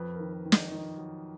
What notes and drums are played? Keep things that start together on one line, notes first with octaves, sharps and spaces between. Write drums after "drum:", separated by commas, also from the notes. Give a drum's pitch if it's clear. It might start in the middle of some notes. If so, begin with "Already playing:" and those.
Already playing: F2 B4
A#4
D#3
B4
D#3
D#5, drum: snare
D#3 D#5
F#3